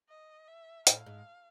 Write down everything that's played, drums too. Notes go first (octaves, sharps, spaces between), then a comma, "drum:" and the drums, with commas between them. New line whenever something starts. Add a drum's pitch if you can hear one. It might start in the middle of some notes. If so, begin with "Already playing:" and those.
D#5
E5
A2 F5, drum: hi-hat
G#2